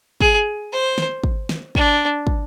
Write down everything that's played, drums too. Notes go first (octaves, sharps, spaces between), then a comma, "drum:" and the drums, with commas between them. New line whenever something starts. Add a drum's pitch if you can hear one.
G#4, drum: kick
C5
drum: snare
drum: kick
drum: snare
D4, drum: kick
drum: kick